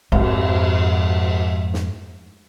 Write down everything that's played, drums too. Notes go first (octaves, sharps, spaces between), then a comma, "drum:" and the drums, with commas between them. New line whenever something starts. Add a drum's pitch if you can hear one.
F2 G#2, drum: cymbal
drum: snare